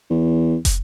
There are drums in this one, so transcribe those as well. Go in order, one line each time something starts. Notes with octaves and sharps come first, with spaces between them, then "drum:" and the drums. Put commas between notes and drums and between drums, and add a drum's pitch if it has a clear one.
E2
drum: kick, hi-hat